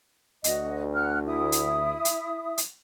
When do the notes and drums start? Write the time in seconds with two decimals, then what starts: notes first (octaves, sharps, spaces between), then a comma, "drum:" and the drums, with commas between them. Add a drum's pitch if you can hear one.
0.44 D2 F#4 D#5, drum: hi-hat
0.94 F#5 F6 F#6
1.26 E4 E5 D#6
1.52 drum: hi-hat
2.05 drum: hi-hat
2.58 drum: hi-hat